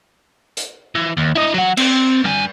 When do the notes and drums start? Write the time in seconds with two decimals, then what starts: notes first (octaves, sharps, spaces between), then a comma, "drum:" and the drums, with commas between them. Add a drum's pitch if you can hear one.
0.57 drum: hi-hat
0.95 E3
1.17 D#2
1.35 E4 D#5
1.54 F#3 F#5
1.77 C4, drum: cymbal
2.24 G2 G#5